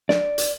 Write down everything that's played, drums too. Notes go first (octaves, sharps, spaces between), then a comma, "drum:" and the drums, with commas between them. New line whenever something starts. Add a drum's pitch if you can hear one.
D5, drum: snare
drum: hi-hat